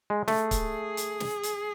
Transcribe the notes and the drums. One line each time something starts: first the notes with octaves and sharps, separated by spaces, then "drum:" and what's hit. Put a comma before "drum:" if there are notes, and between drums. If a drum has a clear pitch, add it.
G#3
A3 G#4, drum: snare
drum: kick C#1, hi-hat
drum: hi-hat
drum: snare
drum: hi-hat